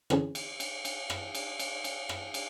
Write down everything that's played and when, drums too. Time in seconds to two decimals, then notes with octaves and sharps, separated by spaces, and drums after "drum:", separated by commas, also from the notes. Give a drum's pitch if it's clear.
0.10 D3 E3 C4 C#4 G#4, drum: rim click
0.35 drum: cymbal
0.60 drum: cymbal
0.85 drum: cymbal
1.10 drum: rim click
1.35 drum: cymbal
1.59 drum: cymbal
1.84 drum: cymbal
2.09 drum: rim click
2.34 drum: cymbal